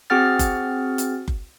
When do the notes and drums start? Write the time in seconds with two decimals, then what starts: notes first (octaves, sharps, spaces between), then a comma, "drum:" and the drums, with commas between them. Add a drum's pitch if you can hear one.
0.10 C4 F#4 G#4 F#5 F6 A6
0.39 drum: kick F#1, hi-hat
0.98 drum: hi-hat
1.28 drum: kick F#1